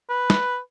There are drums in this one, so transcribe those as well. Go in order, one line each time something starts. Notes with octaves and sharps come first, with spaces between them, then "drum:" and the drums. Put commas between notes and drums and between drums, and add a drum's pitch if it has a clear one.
B4
drum: snare